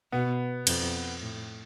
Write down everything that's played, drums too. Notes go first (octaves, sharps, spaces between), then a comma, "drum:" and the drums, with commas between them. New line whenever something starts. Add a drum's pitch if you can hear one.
B2 B3
F2, drum: cymbal
A2